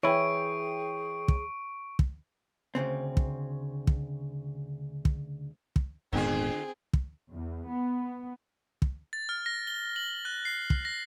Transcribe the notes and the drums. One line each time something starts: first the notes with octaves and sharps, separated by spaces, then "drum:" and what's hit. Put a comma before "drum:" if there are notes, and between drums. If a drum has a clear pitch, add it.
E3 E4 G#4 C#5 G5 C#6 D7
drum: kick
drum: kick
D2 A#2 C#3 C4
drum: kick
drum: kick
drum: kick
drum: kick
D#1 G#2 D3 B3 C4 F4 G#4
drum: kick
E2
B3
drum: kick
A6
F6
A#6
G7
F#7
F#6
C7
drum: kick
A#6